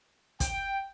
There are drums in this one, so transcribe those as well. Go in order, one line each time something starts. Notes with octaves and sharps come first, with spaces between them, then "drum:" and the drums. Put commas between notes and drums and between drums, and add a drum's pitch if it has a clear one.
G5, drum: kick, hi-hat